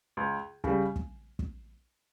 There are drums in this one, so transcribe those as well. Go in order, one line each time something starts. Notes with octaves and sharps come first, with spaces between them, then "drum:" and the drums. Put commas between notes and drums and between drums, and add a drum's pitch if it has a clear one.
C#2
C#3 G3, drum: kick
drum: kick
drum: kick